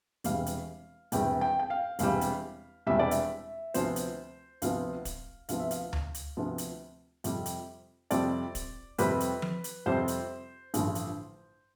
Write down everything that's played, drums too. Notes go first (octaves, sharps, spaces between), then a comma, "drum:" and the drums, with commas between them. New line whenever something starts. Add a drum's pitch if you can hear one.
E1 E2 C3 G3 F5, drum: hi-hat
drum: hi-hat
E1 E2 C3 G3 G5, drum: hi-hat
G5
G5
F5
E1 E2 C3 G3 F5, drum: hi-hat
drum: hi-hat
E1 E2 C3 G3 E5
D5
E5, drum: hi-hat
D2 C3 F3 B3 C5, drum: hi-hat
drum: hi-hat
D2 C3 F3 B3 F5, drum: hi-hat
drum: kick, hi-hat
D2 C3 F3 B3 F5, drum: hi-hat
E5
F5, drum: hi-hat
drum: tom D2
drum: hi-hat
D2 C3 F3 B3
drum: hi-hat
F2 C3 G3 C4, drum: hi-hat
drum: hi-hat
F2 C3 G3 C4 D5, drum: hi-hat
drum: kick, hi-hat
F2 C3 G3 C4 B4, drum: hi-hat
drum: hi-hat
drum: tom F3
drum: hi-hat
F2 C3 G3 C4 C5
drum: hi-hat
A1 G2 D3 F3, drum: hi-hat
drum: hi-hat